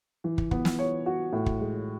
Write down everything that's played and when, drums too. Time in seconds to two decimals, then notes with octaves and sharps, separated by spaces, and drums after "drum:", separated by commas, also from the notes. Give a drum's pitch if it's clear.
0.24 E3
0.38 drum: kick
0.51 B3, drum: kick
0.65 drum: snare
0.79 C#5
1.06 F#4
1.33 A2
1.46 drum: kick
1.60 G#3